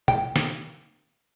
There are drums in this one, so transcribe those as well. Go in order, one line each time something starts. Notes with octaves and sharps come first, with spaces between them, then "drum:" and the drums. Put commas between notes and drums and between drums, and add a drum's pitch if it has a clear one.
G5, drum: tom
drum: snare